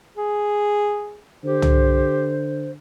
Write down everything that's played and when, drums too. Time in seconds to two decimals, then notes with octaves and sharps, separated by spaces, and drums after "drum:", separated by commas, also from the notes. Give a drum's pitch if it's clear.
0.17 G#4
1.44 D3 G4 C5
1.62 drum: tom